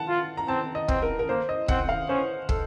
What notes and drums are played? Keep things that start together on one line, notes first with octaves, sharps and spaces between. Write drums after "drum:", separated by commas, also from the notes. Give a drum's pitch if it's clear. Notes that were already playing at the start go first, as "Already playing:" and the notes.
Already playing: F#5 A5
F4
A#5
C4 A5
D#5
C4, drum: kick
A#4
A#4
A#3 C5
D#5
C4 F#5, drum: kick
F5
C#4 C5
A4, drum: kick